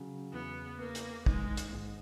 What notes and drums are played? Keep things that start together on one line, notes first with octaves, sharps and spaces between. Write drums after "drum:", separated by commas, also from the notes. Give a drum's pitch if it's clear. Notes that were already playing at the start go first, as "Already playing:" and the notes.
Already playing: C#3 F#3
E2 B3
A#3 B3
drum: hi-hat
D#3 G#3, drum: kick
drum: hi-hat
G#2